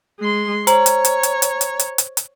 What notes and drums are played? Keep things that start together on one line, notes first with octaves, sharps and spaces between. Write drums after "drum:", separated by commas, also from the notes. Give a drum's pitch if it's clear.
G#3 C6
C5 C#5 A#5, drum: hi-hat
drum: hi-hat
drum: hi-hat
drum: hi-hat
drum: hi-hat
drum: hi-hat
drum: hi-hat
drum: hi-hat
drum: hi-hat